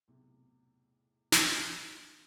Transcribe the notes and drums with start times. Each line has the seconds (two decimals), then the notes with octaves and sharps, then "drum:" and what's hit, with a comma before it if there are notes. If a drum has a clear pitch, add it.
0.08 B1 E2 A2 C3
1.32 drum: snare